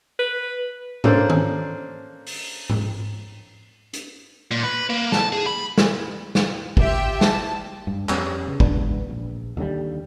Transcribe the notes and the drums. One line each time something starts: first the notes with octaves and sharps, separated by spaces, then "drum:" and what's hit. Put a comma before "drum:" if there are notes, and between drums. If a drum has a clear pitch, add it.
B4
A#3 C#4 D4 A4 C5, drum: tom G#2
drum: tom D#3
drum: open hi-hat
drum: tom G#2
drum: hi-hat
A#2
B4
A#3
A5, drum: snare
G#4
B5
drum: snare
drum: snare
F4 G4 E5 G5, drum: kick
A5, drum: snare
G2
F2 G3 B3 C#4, drum: clap
C#3
E1 G#2 B3 D4, drum: kick
A#1
D#2 D3 F#3 G3